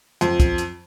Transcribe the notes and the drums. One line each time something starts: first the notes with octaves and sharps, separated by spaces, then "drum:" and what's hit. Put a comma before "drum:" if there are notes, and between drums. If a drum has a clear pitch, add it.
F2, drum: hi-hat
drum: kick, hi-hat
drum: hi-hat